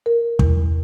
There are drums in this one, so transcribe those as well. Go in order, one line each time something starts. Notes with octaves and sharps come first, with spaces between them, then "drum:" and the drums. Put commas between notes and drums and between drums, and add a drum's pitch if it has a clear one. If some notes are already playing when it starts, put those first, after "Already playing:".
A#4
E2, drum: kick